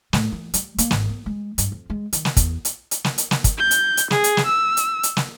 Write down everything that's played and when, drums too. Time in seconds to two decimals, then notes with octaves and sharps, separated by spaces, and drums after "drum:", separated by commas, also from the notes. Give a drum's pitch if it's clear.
0.13 A2, drum: snare
0.32 E3
0.54 G3, drum: hi-hat
0.78 A#3, drum: hi-hat
0.91 G#1, drum: snare
1.09 B3
1.26 G#3
1.58 G2, drum: hi-hat
1.72 F2
1.90 G#3
2.13 D#3, drum: hi-hat
2.25 drum: snare
2.37 E2, drum: kick, hi-hat
2.65 drum: hi-hat
2.91 drum: hi-hat
3.04 drum: snare
3.18 drum: hi-hat
3.31 drum: snare
3.44 drum: kick, hi-hat
3.58 G6
3.71 drum: hi-hat
3.97 drum: hi-hat
4.11 G#4, drum: snare
4.24 drum: hi-hat
4.37 drum: snare
4.46 E6
4.77 drum: hi-hat
5.03 drum: hi-hat
5.17 drum: snare